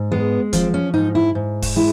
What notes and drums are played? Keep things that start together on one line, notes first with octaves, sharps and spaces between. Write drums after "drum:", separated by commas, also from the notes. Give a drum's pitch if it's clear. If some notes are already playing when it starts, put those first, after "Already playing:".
Already playing: G#2
G#3 B3
F3 C4, drum: kick, hi-hat
C#4
G#2 D#4
E4
G#2
drum: kick, open hi-hat
G#3 E4